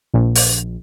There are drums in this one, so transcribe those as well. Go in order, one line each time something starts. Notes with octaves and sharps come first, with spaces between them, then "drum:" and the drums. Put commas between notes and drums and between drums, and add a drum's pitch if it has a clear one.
A#1
drum: open hi-hat